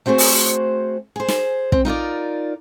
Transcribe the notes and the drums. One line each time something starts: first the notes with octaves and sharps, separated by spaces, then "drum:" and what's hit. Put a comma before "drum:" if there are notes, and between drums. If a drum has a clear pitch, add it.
A3 C4 F#4 G#4 C5
drum: open hi-hat
G#4 C5
drum: snare
C4, drum: kick
D#4 F4 A#4 D5